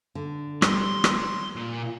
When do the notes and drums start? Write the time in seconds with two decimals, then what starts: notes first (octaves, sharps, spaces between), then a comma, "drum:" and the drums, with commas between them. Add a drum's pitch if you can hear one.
0.15 D3
0.62 G3 C6, drum: rim click
1.04 drum: rim click
1.56 A#2